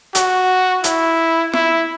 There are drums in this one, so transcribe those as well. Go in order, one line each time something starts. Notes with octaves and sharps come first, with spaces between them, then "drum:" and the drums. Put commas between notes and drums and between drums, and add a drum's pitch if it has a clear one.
F#4, drum: hi-hat
E4, drum: hi-hat
E4, drum: snare